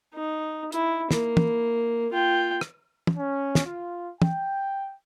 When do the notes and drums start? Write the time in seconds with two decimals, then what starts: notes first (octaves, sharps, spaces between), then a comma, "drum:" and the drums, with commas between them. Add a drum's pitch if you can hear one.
0.14 D#4
0.72 E4, drum: hi-hat
1.11 A#3, drum: snare
1.37 drum: tom
2.13 F4 G5
2.61 drum: rim click
3.07 drum: tom
3.18 C#4
3.55 drum: snare
3.66 F4
4.22 G5, drum: tom